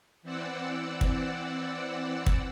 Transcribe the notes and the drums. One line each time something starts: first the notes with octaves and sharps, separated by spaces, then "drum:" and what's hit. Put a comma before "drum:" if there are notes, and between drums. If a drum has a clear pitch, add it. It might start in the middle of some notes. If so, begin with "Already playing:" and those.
E3 C4 D5 F#5 E6
drum: kick
drum: kick